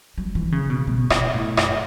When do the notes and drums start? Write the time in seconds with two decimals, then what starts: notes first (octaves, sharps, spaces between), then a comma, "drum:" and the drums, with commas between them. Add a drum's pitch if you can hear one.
0.18 F#3
0.35 E3
0.52 C#3
0.70 B2
0.87 B2
1.10 B2, drum: rim click
1.34 A2
1.57 F#2, drum: rim click